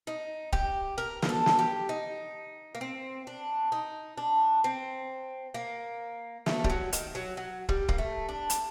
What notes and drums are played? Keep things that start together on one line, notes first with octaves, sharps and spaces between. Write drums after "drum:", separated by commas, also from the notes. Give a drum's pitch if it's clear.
D#4
G4, drum: kick
A#4
A#4, drum: snare
A4
drum: snare
G4
D#4
A#3
C4
D4
D#4
D4
C4
A#3
A3, drum: snare
G3, drum: kick
F#3
D#3, drum: hi-hat
F#3
F#3
G3, drum: kick
A#3, drum: kick
A3
D4
drum: hi-hat